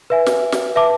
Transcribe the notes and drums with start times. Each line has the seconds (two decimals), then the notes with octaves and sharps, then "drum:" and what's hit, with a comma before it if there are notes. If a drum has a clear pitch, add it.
0.10 B4 E5 G#5
0.26 drum: snare
0.52 drum: snare
0.75 B4 E5 A5 D6